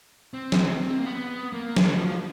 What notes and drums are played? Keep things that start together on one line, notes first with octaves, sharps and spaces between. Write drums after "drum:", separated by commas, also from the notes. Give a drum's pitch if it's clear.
C4
B3, drum: snare
C4
A#3
B3
A#3
F#3, drum: snare
F3